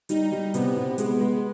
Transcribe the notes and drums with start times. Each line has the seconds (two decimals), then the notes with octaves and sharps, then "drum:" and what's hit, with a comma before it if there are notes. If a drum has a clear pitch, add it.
0.09 G3 D#4, drum: hi-hat
0.32 G3
0.54 C3 B3, drum: hi-hat
0.76 C3
0.98 G#3 B3, drum: hi-hat
1.21 G#3